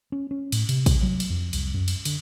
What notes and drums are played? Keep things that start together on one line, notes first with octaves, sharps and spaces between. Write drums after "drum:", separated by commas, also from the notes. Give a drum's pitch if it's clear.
C#4
C#4
A2, drum: cymbal
C3, drum: cymbal
drum: kick, cymbal
F#3
drum: cymbal
F2
C2, drum: cymbal
F#2
drum: cymbal
D3, drum: cymbal